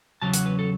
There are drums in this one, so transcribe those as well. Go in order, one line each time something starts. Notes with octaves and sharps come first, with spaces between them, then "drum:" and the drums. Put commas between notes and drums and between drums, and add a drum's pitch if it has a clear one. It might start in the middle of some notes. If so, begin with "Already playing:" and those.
E2 C#3 F#3 C#4 A5
F#5, drum: hi-hat
B4
A4